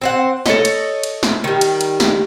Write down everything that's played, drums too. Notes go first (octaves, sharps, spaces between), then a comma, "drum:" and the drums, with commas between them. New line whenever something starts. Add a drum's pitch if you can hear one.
C4 C5 F#5
A4 C#5 D#5, drum: snare
drum: cymbal
drum: cymbal
drum: snare
D#3 G3
drum: cymbal
drum: cymbal
drum: snare